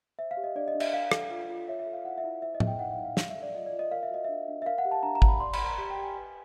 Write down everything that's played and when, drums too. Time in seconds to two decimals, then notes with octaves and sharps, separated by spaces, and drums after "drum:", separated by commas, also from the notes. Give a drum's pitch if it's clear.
0.19 C5 E5
0.31 F5
0.37 G4
0.44 D#5
0.55 D4 D5
0.68 D#5
0.75 D4
0.80 E5, drum: cymbal
0.93 D5 F5
1.12 A4, drum: rim click
1.30 F4
1.49 F4
1.68 C#5 E5
1.80 E5
1.86 A4
1.93 F5
2.05 E4 F#5
2.18 E5
2.24 E4
2.42 C5 E5
2.55 D#5
2.60 G#4, drum: tom A2
2.67 G5
2.79 D#4 F#5
2.92 F5
2.98 D#4
3.05 F5
3.17 D5 F5, drum: snare
3.29 E5
3.35 A4
3.42 D5
3.55 F4 D#5
3.66 D5
3.73 F4
3.79 D#5
3.91 A#4 F5
4.03 E5
4.10 F#4 D#5
4.24 D4 E5
4.48 D4
4.62 E5
4.66 A#4 F5
4.78 F#5
4.85 G4
4.91 A5
5.03 D4 A#5
5.15 A#5
5.22 D5, drum: kick
5.28 B5
5.40 D5 C6
5.53 B5, drum: cymbal
5.59 A#4
5.65 A#5
5.78 G4
5.90 G5
5.96 G4
6.03 G#5
6.15 B4